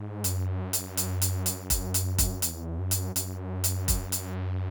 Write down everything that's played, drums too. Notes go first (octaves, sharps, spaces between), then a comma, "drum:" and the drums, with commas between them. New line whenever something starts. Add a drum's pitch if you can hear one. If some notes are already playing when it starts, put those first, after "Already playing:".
Already playing: G#2
F#2, drum: hi-hat
drum: hi-hat
drum: hi-hat
drum: hi-hat
drum: hi-hat
drum: kick F1, hi-hat
drum: hi-hat
drum: kick F1, hi-hat
E2, drum: hi-hat
F#2
drum: hi-hat
F#2, drum: hi-hat
drum: hi-hat
drum: kick F1, hi-hat
drum: hi-hat